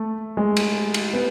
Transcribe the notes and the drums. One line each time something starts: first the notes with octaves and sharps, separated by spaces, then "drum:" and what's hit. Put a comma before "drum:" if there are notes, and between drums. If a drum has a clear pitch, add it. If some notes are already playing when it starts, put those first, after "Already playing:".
Already playing: A3
G#3
drum: cymbal
drum: cymbal
B3